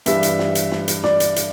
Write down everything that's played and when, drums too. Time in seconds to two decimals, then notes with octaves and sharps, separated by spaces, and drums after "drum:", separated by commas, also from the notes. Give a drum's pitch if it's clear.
0.06 G2 E3 G3 E5, drum: hi-hat
0.23 drum: hi-hat
0.39 drum: snare
0.55 drum: hi-hat
0.71 drum: snare
0.88 drum: hi-hat
1.04 D5, drum: snare
1.20 drum: hi-hat
1.36 drum: hi-hat